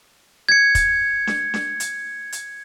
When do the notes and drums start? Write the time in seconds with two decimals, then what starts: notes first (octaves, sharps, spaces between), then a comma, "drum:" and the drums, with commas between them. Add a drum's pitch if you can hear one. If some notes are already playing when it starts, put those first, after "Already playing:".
0.49 G#6 C#7
0.75 drum: kick, hi-hat
1.27 drum: snare D4
1.54 drum: snare D4
1.80 drum: hi-hat
2.32 drum: hi-hat